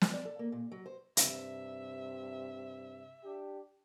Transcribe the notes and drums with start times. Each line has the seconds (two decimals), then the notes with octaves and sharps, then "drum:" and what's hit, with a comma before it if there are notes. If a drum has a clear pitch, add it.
0.02 D5, drum: snare
0.14 D5
0.25 A4
0.39 A#3
0.52 A#2
0.72 F#3
0.86 C5
1.17 G2 C3 E5, drum: hi-hat
3.23 D4 G4